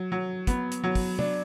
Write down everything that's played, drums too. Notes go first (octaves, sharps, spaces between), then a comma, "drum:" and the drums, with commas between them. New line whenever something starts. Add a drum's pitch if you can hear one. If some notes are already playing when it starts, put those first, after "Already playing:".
Already playing: F#3
F#3
B3, drum: kick, hi-hat
drum: hi-hat
F#3
drum: kick, open hi-hat
D4, drum: tom